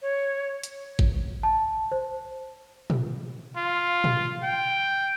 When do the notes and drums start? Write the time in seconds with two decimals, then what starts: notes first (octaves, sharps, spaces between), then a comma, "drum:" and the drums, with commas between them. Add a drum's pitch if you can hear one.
0.02 C#5
0.64 drum: hi-hat
0.99 drum: kick G#1
1.43 A5
1.92 C5
2.90 drum: tom
3.57 F4
4.04 drum: tom
4.43 G5